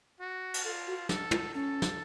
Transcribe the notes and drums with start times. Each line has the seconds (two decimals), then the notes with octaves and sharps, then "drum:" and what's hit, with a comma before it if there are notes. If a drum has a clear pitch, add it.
0.21 F#4
0.54 drum: cymbal
0.65 F4 A4
0.87 F#4
1.09 A4, drum: snare
1.31 F4, drum: tom
1.54 C#4 A4
1.82 drum: snare